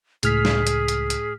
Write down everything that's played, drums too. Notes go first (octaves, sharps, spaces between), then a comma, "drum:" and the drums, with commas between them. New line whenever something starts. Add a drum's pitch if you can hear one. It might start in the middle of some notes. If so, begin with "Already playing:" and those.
C#2 A2 G#4 F6 B6, drum: hi-hat
drum: snare
drum: hi-hat
drum: hi-hat
drum: hi-hat